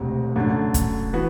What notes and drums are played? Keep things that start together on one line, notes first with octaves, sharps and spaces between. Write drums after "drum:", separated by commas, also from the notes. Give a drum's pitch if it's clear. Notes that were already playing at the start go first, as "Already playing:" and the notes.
Already playing: E1 D2 C3
F#2 D3 A3
drum: kick, hi-hat
E3 B3 F#4 B4